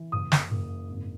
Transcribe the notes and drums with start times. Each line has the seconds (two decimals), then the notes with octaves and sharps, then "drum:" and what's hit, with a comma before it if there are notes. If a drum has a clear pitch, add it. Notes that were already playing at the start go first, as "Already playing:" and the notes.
Already playing: E3
0.12 F#1 D#6
0.32 drum: snare
0.51 F#1
0.89 G#1